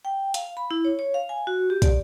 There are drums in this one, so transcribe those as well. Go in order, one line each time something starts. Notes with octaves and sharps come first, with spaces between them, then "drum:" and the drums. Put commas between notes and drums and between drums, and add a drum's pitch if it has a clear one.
G5
F5, drum: hi-hat
B5
E4
C#5
C#5
F5
G#5
F#4
G4
D5, drum: kick, hi-hat